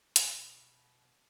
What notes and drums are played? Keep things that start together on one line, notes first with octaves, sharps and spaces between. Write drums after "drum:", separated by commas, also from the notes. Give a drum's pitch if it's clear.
B2, drum: hi-hat